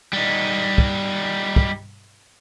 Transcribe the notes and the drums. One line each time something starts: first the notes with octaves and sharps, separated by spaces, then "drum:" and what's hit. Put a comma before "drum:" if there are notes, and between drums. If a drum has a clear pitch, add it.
G3 D#4
drum: kick
drum: kick